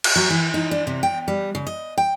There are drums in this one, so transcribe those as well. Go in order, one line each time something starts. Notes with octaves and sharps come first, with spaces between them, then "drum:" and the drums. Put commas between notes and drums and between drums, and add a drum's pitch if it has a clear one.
drum: cymbal
F#3
E3
D#4
D4
C3
G5
G3
C#3
D#5
G5